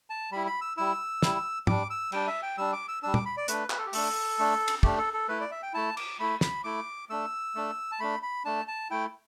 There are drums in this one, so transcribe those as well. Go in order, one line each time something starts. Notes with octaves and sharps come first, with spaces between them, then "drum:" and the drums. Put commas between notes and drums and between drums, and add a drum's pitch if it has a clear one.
A5
G3 E4 B5
B5
E6
G3 E4 E6
G3 E4, drum: snare
G3 D4 D6, drum: tom G#2
E6
G3 D4 G5, drum: cymbal
E5
G5
G3 D4 E6
D6
E6
G3 D4 E6
D6, drum: tom
B5
D5
A3 D4 B4, drum: hi-hat
B4, drum: clap
A4
G4
A3 D4 A4, drum: open hi-hat
A3 D4
drum: cymbal
A3 D4 G4, drum: kick
A4
A4
A3 E4 B4
D5
E5
G5
A3 E4 A5
D6, drum: cymbal
A3 E4 B5
B5, drum: snare
A3 E4 D6
A3 D4 E6
A3 D4
A5
A3 D4 B5
B5
A3 D4 A5
A5
A3 E4 G5